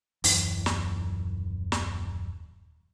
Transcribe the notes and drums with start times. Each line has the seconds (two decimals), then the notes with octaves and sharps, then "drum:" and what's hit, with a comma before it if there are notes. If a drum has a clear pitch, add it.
0.24 D#1 F#2 E3, drum: open hi-hat
0.66 drum: snare
1.72 drum: snare